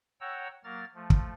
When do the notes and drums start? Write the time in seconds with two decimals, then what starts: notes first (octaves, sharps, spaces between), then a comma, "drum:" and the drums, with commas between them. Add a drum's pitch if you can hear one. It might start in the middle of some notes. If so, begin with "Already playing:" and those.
0.21 C#5 F#5 G5 A#5 E6
0.64 F#3 A#3 A#4 F6 A6
0.95 F3 A3
1.10 drum: kick